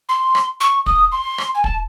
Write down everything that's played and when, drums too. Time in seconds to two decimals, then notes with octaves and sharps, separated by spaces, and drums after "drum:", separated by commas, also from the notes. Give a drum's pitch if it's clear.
0.09 C6
0.35 drum: rim click
0.60 C#6
0.86 D#6, drum: kick
1.12 C6
1.38 drum: rim click
1.55 G#5
1.64 A5, drum: kick